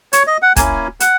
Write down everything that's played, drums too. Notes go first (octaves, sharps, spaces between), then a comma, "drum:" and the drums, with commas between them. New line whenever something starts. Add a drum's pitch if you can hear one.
C#5, drum: hi-hat
D#5
F#5
A#3 C#4 E4 G#5, drum: kick, hi-hat
F#5, drum: hi-hat